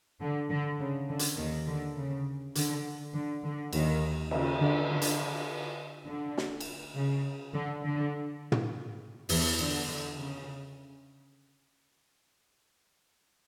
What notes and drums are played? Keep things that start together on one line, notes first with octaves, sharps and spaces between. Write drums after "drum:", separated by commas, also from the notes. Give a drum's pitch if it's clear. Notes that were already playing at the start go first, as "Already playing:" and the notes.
D3
D3
C#3
D3
drum: hi-hat
D#2 D#3
D3
C#3
D3, drum: hi-hat
D3
D3
D#2 D#3, drum: cymbal
C#3, drum: cymbal
D3
D3
drum: hi-hat
D3
drum: snare
drum: cymbal
C#3
D3
D3
drum: tom
E2 E3, drum: open hi-hat
D3, drum: cymbal
D3
C#3